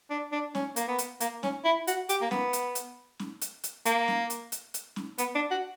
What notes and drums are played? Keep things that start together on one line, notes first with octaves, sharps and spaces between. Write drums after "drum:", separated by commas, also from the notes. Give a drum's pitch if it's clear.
D4
D4
C#4, drum: snare C#4
A#3, drum: hi-hat
B3
drum: hi-hat
A#3, drum: hi-hat
C#4, drum: snare C#4
E4
F#4, drum: hi-hat
G4, drum: hi-hat
A#3
B3, drum: snare C#4
drum: hi-hat
drum: hi-hat
drum: snare C#4
drum: hi-hat
drum: hi-hat
A#3, drum: hi-hat
drum: snare C#4
drum: hi-hat
drum: hi-hat
drum: hi-hat
drum: snare C#4
B3, drum: hi-hat
D4
F#4